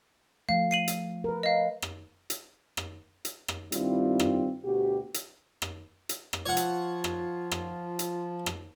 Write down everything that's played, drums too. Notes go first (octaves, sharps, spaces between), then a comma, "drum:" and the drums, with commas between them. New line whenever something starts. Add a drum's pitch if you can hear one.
F3 A3 F5
C7 D#7 F#7
drum: hi-hat
A#4 B4
D#5 F5
drum: rim click
drum: hi-hat
drum: rim click
drum: hi-hat
drum: rim click
G2 D#3 G3 C4 E4 F4, drum: hi-hat
drum: rim click
D2 B2 F#4 G4
drum: hi-hat
drum: rim click
drum: hi-hat
drum: rim click
F3 F4 C#5 F#5
drum: hi-hat
drum: rim click
drum: rim click
drum: hi-hat
drum: rim click